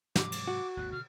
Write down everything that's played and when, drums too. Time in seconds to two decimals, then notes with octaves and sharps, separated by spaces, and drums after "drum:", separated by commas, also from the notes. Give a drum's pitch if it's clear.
0.16 G#2 C3 F#3 D6, drum: snare
0.32 drum: cymbal
0.48 F#4
0.77 G#1 D#2 C3 F#6
0.92 B2 D3 F6